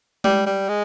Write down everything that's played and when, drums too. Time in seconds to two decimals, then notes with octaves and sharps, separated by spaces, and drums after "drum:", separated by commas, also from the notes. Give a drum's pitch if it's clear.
0.24 G3, drum: tom G#3
0.46 G3
0.69 G#3